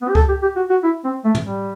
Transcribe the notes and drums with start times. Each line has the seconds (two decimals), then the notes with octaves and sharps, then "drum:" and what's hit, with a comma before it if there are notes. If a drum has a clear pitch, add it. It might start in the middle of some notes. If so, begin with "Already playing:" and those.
0.02 B3
0.09 G4
0.15 A4, drum: kick C#2
0.29 G4
0.42 G4
0.56 F#4
0.70 F#4
0.83 E4
1.04 C4
1.25 A3
1.35 drum: tom
1.45 G3